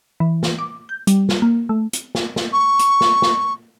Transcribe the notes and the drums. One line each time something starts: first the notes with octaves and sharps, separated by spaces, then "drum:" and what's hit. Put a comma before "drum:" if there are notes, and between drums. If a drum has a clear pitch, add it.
E3
drum: snare
D6
G6
G3, drum: hi-hat
drum: snare
A#3
A3
drum: hi-hat
drum: snare
drum: snare
C#6
drum: hi-hat
drum: snare
drum: snare